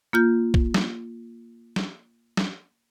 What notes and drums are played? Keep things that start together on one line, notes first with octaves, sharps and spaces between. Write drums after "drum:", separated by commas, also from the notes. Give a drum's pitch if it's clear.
A#3 F4 G6
drum: kick A#1
drum: snare
drum: snare
drum: snare